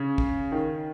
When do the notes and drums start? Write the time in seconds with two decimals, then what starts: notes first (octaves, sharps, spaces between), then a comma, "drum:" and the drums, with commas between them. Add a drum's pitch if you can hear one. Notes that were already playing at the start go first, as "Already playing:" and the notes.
Already playing: C#3
0.18 drum: kick
0.52 D#3